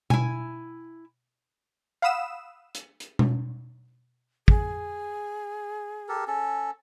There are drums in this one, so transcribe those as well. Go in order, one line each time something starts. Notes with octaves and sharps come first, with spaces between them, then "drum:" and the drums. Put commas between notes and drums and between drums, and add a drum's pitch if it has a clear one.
E4 G#5, drum: tom B2
F5 F#5 B5 D#6 E6 E7
drum: hi-hat
drum: hi-hat
drum: tom B2
G#4, drum: kick
G4 A4 A#4
C#4 A4